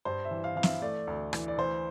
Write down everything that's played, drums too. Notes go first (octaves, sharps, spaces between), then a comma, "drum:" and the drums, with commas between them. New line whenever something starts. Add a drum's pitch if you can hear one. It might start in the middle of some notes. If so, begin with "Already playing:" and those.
G2 C5
E5
E3
F5
E3 F5
E5, drum: snare
A3 D5
D2
E3, drum: rim click
D5
E3 C5